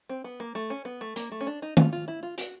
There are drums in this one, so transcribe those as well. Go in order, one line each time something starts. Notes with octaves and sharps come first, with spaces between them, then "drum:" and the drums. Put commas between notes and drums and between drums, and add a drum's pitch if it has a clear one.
C4
B3
A#3
A3
C#4
B3
A3
A#3, drum: hi-hat
A3
C#4
D4
D#4
F4, drum: tom D#3
F4
E4
F4
F#4, drum: hi-hat